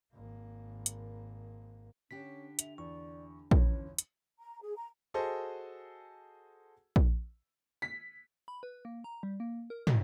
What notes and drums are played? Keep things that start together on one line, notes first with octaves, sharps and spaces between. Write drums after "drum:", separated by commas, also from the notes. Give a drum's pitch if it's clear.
G#1 A#3
drum: hi-hat
D3 C#4 D4 G4 B6
E5 F7, drum: hi-hat
E2 D5 C#6
G1 E2 C#4 C#5, drum: kick A#1
drum: hi-hat
A#5
G#4
A#5
F#4 G#4 A4 C5 D#5
drum: kick A#1
B6
B5
B4
A#3
A#5
G3
A#3
A#4
D#5, drum: tom